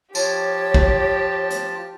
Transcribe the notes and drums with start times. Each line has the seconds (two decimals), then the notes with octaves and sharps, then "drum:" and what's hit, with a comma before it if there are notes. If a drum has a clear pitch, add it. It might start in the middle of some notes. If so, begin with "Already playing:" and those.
0.15 F3 F4 G4 C#5 A5, drum: tambourine
0.74 drum: kick
1.50 drum: hi-hat